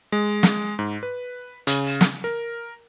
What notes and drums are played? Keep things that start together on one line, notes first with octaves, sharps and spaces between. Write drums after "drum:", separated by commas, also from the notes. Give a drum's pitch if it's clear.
G#3
drum: snare
G#2
B4
C#3, drum: hi-hat
drum: open hi-hat
drum: snare
A#4